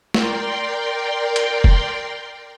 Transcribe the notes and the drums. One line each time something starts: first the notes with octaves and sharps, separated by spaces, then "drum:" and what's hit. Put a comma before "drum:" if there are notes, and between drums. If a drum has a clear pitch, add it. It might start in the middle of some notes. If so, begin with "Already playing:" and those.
A#4 D5 G5 C6, drum: snare
drum: cymbal
drum: kick F1